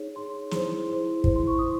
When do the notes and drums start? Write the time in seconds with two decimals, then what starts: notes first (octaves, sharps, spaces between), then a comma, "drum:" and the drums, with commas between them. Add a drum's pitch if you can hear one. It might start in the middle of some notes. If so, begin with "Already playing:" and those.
Already playing: D#4 G#4 C#5
0.15 D#4 G#4 C#5 C6
0.51 E4 G#4 C5 C6, drum: snare
0.88 E4 G#4 C5
1.24 E4 C5, drum: kick
1.36 C6
1.47 C#6
1.59 E4 C5 D#6